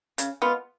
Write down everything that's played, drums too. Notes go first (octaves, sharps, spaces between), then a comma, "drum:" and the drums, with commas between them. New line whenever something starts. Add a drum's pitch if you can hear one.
C#3, drum: hi-hat
G#3 B3 F4